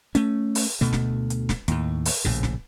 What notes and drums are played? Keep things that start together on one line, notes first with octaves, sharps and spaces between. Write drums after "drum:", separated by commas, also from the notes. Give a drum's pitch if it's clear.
A3 C#4, drum: hi-hat
drum: open hi-hat
D2 B2 A3
drum: snare
drum: hi-hat
drum: snare
D#2 A2, drum: hi-hat
drum: open hi-hat
A#1 A2 C#3
drum: snare